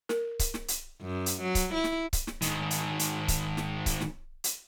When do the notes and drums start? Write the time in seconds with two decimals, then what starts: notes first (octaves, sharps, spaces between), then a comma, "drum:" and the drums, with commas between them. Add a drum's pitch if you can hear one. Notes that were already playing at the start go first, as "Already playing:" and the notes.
0.09 A#4, drum: snare
0.39 drum: kick C#1, hi-hat
0.54 drum: snare
0.68 drum: hi-hat
1.02 F#2
1.26 drum: hi-hat
1.42 F#3
1.55 drum: kick C#1, hi-hat
1.74 E4
1.84 drum: snare
2.13 drum: kick C#1, hi-hat
2.27 drum: snare
2.42 G#2 D#3, drum: hi-hat
2.71 drum: hi-hat
2.99 drum: hi-hat
3.28 drum: kick C#1, hi-hat
3.57 drum: snare
3.86 drum: kick C#1, hi-hat
4.01 drum: snare
4.44 drum: hi-hat